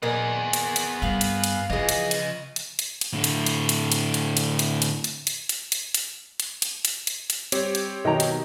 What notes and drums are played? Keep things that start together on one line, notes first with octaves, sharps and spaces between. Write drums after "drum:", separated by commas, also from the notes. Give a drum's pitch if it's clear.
A#2 B3 G#4 A#4 D#5
drum: hi-hat
drum: hi-hat
G2 F5
drum: hi-hat
drum: hi-hat
C#3 E3 F3 G#4 D#5
drum: hi-hat
drum: hi-hat
drum: hi-hat
drum: hi-hat
drum: hi-hat
A2 D3
drum: hi-hat
drum: hi-hat
drum: hi-hat
drum: hi-hat
drum: hi-hat
drum: hi-hat
drum: hi-hat
drum: hi-hat
drum: hi-hat
drum: hi-hat
drum: hi-hat
drum: hi-hat
drum: hi-hat
drum: hi-hat
drum: hi-hat
drum: hi-hat
drum: hi-hat
drum: hi-hat
G3 C4 G4 C#5, drum: hi-hat
drum: hi-hat
B2 D#3 F#3 D#5 G5 A#5
drum: hi-hat